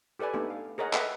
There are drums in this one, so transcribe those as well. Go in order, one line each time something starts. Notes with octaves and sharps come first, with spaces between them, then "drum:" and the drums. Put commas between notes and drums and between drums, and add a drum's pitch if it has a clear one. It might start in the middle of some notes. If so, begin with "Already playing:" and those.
G4 A4 B4 D5 G#5
A3 B3 D4 D#4 G4 A4
F5
G#4 A#4 C#5 D#5 F#5
A4 B4 D#5 E5 F#5 G5, drum: clap